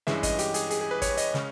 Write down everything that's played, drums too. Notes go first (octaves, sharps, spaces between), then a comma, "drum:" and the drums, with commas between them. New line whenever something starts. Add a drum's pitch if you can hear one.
G2 E3 G#3 C#4 E5, drum: snare
D#5, drum: kick, hi-hat
G4, drum: hi-hat
G#4, drum: hi-hat
G#4, drum: hi-hat
G#4
B4
C#5, drum: kick, hi-hat
D#5, drum: hi-hat
C#3 G#3 C#4, drum: snare